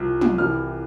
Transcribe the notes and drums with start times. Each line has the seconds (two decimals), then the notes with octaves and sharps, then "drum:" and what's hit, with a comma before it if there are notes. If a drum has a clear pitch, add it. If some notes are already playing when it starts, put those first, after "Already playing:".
Already playing: C2 C3 F3
0.21 drum: tom
0.38 C2 C3 E3 F6